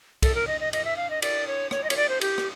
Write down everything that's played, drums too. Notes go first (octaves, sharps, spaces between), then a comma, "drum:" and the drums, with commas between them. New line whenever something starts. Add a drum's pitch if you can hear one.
A4, drum: kick, cymbal
A#4
D#5
D#5
D#5, drum: cymbal
E5
F5
D#5
D5, drum: cymbal
C#5
C#5, drum: rim click
D#5
C#5, drum: cymbal
D5
C5
G4, drum: cymbal
drum: rim click